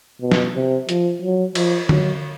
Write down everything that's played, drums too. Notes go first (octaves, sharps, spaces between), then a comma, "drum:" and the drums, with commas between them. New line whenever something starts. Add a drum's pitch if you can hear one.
B2
drum: snare
C3
F3, drum: hi-hat
F#3
F3, drum: cymbal
F#3, drum: tom D3